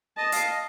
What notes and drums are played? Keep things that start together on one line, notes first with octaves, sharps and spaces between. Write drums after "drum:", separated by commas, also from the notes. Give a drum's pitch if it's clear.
D#5 A5
F5, drum: hi-hat
D#5